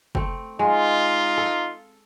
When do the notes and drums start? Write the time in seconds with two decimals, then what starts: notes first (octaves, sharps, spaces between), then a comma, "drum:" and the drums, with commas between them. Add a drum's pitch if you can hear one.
0.15 A3 C4, drum: kick F#1
0.59 G#3 D#4 F4
1.38 A4